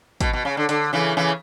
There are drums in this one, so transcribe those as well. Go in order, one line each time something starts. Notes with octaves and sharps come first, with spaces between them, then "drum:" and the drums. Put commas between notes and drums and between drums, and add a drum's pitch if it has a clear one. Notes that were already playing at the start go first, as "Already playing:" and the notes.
B2, drum: kick, hi-hat
B2
C#3
D3
D3, drum: hi-hat
C#3 E3
C#3 E3